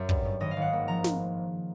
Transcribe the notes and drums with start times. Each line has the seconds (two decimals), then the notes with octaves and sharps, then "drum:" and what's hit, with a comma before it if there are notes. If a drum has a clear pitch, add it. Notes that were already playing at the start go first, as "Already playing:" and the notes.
Already playing: F#2 E5
0.09 G2, drum: kick
0.25 G2
0.40 G#1 D#5
0.51 F5
0.57 G#1
0.62 F#5
0.73 A#3
0.88 F3 A#5
1.04 drum: snare